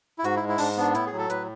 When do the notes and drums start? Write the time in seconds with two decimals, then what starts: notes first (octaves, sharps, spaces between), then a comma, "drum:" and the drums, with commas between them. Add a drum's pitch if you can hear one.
0.19 E4
0.24 G#2 F#4, drum: hi-hat
0.36 E4
0.42 G#3
0.49 E4
0.58 G#2 D4, drum: open hi-hat
0.77 B3 D4
0.95 A2 E4, drum: hi-hat
1.07 G#4
1.13 F#3
1.18 A4
1.30 A2 B4, drum: hi-hat